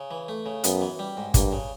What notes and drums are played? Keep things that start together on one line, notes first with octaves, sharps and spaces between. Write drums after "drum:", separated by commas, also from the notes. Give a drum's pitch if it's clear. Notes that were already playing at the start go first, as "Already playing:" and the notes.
Already playing: C#3
E3
A3
C#3
F#2 B3, drum: hi-hat
E3
G3
G#2
G2 A#3, drum: kick, hi-hat
C#3